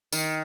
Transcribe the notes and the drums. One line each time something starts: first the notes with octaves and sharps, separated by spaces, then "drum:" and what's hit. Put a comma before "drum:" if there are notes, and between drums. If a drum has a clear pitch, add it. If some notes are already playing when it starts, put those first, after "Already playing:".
D#3, drum: tambourine